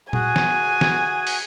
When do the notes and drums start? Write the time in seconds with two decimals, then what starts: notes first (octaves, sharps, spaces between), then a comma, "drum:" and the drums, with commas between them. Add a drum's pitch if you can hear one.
0.13 F#4 G#4 G#5, drum: tom A#2
0.36 drum: snare
0.81 drum: snare
1.27 drum: open hi-hat